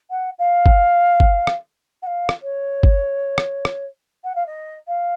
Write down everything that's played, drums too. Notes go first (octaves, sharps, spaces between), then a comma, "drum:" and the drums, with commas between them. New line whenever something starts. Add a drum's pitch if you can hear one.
F#5
F5
drum: kick
drum: kick
drum: rim click
F#5
F5
drum: rim click
C#5
drum: kick
drum: rim click
drum: rim click
F#5
F5
D#5
F5